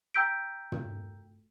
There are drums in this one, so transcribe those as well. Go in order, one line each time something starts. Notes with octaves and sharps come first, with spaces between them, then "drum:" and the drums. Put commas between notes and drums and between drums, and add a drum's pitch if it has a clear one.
G5 A#5 E6 G6 B6 D7
drum: tom